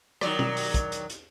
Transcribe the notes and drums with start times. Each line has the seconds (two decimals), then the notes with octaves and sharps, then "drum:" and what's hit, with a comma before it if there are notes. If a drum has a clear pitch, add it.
0.21 D#3 F#3 D5, drum: rim click
0.39 drum: tom
0.57 drum: open hi-hat
0.74 drum: kick, hi-hat
0.92 drum: hi-hat
1.10 drum: hi-hat